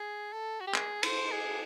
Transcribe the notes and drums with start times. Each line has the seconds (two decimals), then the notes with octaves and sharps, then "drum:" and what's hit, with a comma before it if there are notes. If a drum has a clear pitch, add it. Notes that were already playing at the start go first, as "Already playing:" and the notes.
Already playing: G#4
0.33 A4
0.61 F#4
0.67 G4
0.74 G#4, drum: clap
1.03 C5, drum: cymbal
1.31 G#4